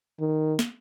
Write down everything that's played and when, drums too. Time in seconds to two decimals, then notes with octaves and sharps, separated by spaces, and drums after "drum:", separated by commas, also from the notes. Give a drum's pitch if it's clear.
0.20 D#3
0.59 drum: snare